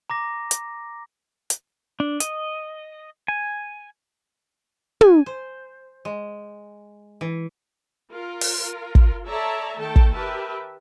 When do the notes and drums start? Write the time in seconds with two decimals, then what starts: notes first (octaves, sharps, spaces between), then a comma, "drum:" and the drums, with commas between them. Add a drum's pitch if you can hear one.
0.10 A#5 D6 A#6
0.51 drum: hi-hat
1.50 drum: hi-hat
2.00 D4
2.20 D#5, drum: hi-hat
3.28 G#5
5.01 G#5, drum: tom
5.26 C5
6.05 G#3
7.21 E3
8.13 F4 A#4
8.41 drum: open hi-hat
8.95 drum: kick
9.27 A4 C#5 D5 E5 A5 A#5
9.78 D#3 A3 A4 G5 A5
9.96 drum: kick
10.14 G4 A#4 B4 E5 A5